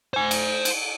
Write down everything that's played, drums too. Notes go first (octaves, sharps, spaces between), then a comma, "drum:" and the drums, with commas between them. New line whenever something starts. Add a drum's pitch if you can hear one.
C5 G#5
drum: cymbal
drum: cymbal